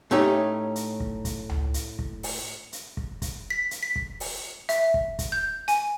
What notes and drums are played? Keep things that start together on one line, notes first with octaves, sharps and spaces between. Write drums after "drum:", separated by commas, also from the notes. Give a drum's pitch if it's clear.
A2 A3 C#4 D#4 G4
drum: hi-hat
drum: kick
drum: kick, hi-hat
drum: tom C#2
drum: hi-hat
drum: kick
drum: open hi-hat
drum: hi-hat
drum: kick
drum: kick, hi-hat
B6
drum: hi-hat
B6
drum: kick
drum: open hi-hat
E5, drum: hi-hat
drum: kick
drum: kick, hi-hat
G6
G#5, drum: hi-hat